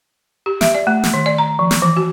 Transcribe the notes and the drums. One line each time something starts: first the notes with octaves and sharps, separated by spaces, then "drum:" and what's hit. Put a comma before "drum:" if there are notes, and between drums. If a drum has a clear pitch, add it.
G4
E5, drum: snare
D5
A3
drum: snare
D#3
D5
A#5
F3
drum: snare
E3
F#4